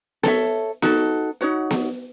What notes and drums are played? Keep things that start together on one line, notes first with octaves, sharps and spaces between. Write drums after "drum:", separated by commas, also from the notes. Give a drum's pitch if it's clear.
A4 C#5 E5, drum: snare B3
D#4 F#4 A4, drum: snare B3
D#4 F#4 C#5 F#5
drum: snare B3